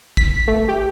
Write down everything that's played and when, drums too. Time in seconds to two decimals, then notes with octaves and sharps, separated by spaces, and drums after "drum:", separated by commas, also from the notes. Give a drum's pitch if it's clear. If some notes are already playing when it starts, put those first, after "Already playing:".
0.17 B6, drum: kick
0.48 A3
0.68 G4